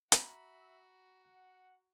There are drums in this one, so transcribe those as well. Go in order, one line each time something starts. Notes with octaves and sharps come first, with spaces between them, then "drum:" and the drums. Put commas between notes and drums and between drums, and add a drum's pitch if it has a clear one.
F#4 E5 A#5 B5, drum: hi-hat
F#5